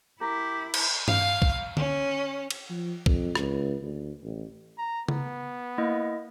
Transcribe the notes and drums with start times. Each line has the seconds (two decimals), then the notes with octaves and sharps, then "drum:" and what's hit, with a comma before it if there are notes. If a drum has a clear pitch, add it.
0.21 E4 G4 A#4
0.74 drum: cymbal
1.08 F5, drum: tom G2
1.42 drum: kick
1.77 C#4, drum: tom D3
2.50 drum: cymbal
2.70 F3
3.06 F2, drum: kick
3.35 C#2, drum: rim click
3.82 D2
4.23 A1
4.78 A#5
5.09 B3, drum: tom C#3
5.78 A#3 E4 D#5